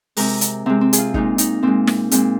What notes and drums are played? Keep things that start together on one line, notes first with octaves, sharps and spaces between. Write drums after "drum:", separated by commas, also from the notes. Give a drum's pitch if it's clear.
C3 G#3 A#4, drum: open hi-hat
drum: hi-hat
C3 G#3 C4
C4
G#4, drum: hi-hat
F4
A#2 G#3 D#4, drum: kick
D#4, drum: hi-hat
A#2 G#3 C4
drum: snare
A#2 G#3 C4, drum: hi-hat